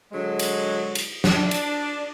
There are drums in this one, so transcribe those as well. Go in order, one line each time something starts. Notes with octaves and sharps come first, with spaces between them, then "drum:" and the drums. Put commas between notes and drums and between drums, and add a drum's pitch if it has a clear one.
D3 F#3 G#3
drum: cymbal
drum: cymbal
D4, drum: snare
drum: cymbal